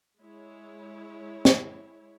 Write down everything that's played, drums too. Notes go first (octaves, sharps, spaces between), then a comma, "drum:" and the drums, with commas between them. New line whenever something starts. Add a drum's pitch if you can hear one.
G#3 E4 C#5
drum: snare